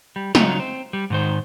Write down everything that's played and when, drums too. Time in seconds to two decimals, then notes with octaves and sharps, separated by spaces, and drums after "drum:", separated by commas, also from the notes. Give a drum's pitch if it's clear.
0.16 G3
0.35 C#3 F#3 D#4 F4, drum: snare
0.60 C4
0.93 G3
1.10 G#2 D#3 C5